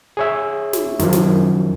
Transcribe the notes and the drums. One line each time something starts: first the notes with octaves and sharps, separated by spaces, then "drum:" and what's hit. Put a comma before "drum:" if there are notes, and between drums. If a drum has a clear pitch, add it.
G#4 C#5 E5
drum: snare
F#2 D#3 F3, drum: snare
drum: snare